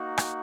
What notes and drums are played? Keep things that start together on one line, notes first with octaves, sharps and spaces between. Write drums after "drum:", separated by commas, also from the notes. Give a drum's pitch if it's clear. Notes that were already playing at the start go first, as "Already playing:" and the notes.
Already playing: A#3 D#4 F#4
drum: rim click